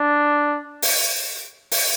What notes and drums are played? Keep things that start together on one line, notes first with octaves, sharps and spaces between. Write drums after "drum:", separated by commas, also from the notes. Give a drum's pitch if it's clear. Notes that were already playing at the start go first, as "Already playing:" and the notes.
Already playing: D4
drum: open hi-hat
drum: open hi-hat